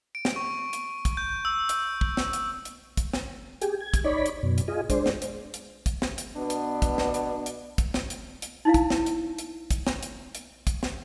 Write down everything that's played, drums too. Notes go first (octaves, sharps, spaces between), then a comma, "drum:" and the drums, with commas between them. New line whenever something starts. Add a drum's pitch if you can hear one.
D7
drum: snare
C#6
drum: hi-hat
drum: kick, hi-hat
G6
E6
drum: hi-hat
drum: kick
drum: snare
drum: hi-hat
drum: hi-hat
drum: kick, hi-hat
drum: snare
G4 G#4, drum: hi-hat
G#6
drum: kick, hi-hat
D#4 C#5 D5 B5
drum: hi-hat
F#2 B2
drum: hi-hat
F4 G#4 D#5
G#3 D4 C5, drum: kick, hi-hat
drum: snare
drum: hi-hat
drum: hi-hat
drum: kick, hi-hat
drum: snare
drum: hi-hat
B2 B3 D4
drum: hi-hat
drum: kick, hi-hat
drum: snare
drum: hi-hat
drum: hi-hat
drum: kick, hi-hat
drum: snare
drum: hi-hat
drum: hi-hat
D#4 E4 F5
drum: kick, hi-hat
drum: snare
drum: hi-hat
drum: hi-hat
drum: kick, hi-hat
drum: snare
drum: hi-hat
drum: hi-hat
drum: kick, hi-hat
drum: snare